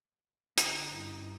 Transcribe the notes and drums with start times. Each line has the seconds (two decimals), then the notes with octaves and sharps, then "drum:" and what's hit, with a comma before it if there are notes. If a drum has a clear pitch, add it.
0.58 G1 D3 D#4, drum: hi-hat
0.94 G2 C#4 E4